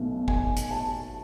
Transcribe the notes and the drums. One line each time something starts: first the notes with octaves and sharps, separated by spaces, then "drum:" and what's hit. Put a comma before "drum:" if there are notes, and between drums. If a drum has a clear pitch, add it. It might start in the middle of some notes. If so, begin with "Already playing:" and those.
Already playing: B1 B2 A3
G#5, drum: kick G1
drum: hi-hat
A5